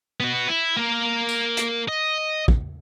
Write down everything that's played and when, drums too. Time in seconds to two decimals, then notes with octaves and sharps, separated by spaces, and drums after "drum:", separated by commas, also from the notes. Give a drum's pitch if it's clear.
0.20 B3 F#4
0.49 E4
0.77 A#3 A#4
1.29 drum: tambourine
1.57 drum: hi-hat
1.88 D#5
2.48 drum: kick